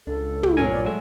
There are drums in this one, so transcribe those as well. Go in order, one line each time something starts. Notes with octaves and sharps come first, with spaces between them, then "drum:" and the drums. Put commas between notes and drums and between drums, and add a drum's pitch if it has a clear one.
C#2 D4 A4
drum: tom
G2 A#2 F#3 A#4 C#5 G#5
A#1 D5
F#3 G#3 A3 E5